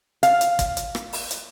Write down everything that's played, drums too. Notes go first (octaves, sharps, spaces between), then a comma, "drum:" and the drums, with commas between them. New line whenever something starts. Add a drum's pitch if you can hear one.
F5, drum: hi-hat
drum: hi-hat
drum: kick, hi-hat
drum: hi-hat
drum: rim click
drum: open hi-hat
drum: hi-hat